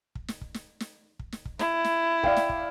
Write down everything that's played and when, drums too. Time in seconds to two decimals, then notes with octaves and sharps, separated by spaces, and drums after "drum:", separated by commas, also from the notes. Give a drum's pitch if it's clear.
0.15 drum: kick
0.28 drum: snare
0.41 drum: kick
0.54 drum: snare
0.80 drum: snare
1.19 drum: kick
1.32 drum: snare
1.45 drum: kick
1.59 E4, drum: snare
1.84 drum: snare
2.23 D5 F5 G5, drum: kick
2.36 drum: snare
2.49 drum: kick